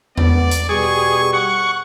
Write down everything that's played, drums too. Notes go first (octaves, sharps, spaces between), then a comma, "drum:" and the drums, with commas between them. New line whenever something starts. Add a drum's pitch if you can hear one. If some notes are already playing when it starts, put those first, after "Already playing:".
B3 D5, drum: tom E2
drum: hi-hat
B2 G3 G#4 C#6
F#5 C#6